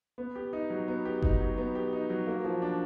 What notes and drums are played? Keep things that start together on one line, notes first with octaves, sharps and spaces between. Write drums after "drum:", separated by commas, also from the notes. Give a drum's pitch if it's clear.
B3
G4
D#4
F#3
B3
G4
D#4, drum: kick F#1
F#3
B3
G4
D#4
F#3
A#3
F3
D4